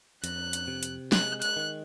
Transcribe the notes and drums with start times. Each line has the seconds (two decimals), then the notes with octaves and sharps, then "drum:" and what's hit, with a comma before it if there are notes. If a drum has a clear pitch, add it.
0.24 F2 F#6, drum: hi-hat
0.53 drum: hi-hat
0.68 C3
0.83 drum: hi-hat
1.12 G#3 F#6, drum: snare
1.42 F#6, drum: hi-hat
1.57 D#3